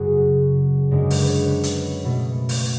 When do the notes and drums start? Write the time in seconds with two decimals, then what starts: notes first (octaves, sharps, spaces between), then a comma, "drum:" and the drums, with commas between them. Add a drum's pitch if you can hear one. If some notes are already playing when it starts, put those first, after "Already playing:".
Already playing: F#2 C#3 F#3 F#4 G#4
0.91 F#2 D3 G#3
1.10 B4, drum: open hi-hat
1.22 B4
1.29 C#5
1.48 B4
1.63 drum: hi-hat
2.05 B2 A3
2.49 drum: open hi-hat